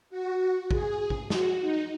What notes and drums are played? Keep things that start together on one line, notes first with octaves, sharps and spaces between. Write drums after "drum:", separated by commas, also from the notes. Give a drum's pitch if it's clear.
F#4
G#4, drum: kick A1
drum: kick A1
F#4, drum: snare
D#4